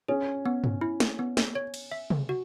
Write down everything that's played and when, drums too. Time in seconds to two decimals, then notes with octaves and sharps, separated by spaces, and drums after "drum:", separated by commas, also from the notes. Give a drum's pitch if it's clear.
0.08 C#4 G#4
0.46 B3
0.64 drum: tom G2
0.81 E4
1.00 drum: snare
1.19 B3
1.37 drum: snare
1.55 C#5
1.74 drum: cymbal
1.91 E5
2.10 drum: tom C3
2.29 F#4